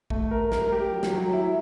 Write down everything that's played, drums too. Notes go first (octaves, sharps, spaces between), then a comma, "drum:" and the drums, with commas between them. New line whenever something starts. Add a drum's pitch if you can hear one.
A3, drum: kick
A#4
A#4, drum: snare
G4
F#3
drum: snare
F#3
E4